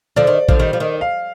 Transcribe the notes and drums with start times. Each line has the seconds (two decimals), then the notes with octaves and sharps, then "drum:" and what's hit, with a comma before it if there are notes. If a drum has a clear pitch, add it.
0.16 D3 F3 D5
0.27 D#3
0.49 D3 F3, drum: kick A1
0.59 D#3 G3
0.73 F3
0.80 D#3
1.01 F5